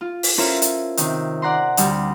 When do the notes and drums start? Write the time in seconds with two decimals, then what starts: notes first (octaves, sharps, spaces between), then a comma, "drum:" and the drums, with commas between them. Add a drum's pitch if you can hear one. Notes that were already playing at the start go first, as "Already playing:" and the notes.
0.01 F4
0.23 drum: open hi-hat
0.38 C#4 E4 F4 A4 A#4 C5
0.62 drum: hi-hat
0.97 C3 D#3, drum: hi-hat
1.42 D5 F#5 A#5 C6
1.77 D2 G3 A5, drum: hi-hat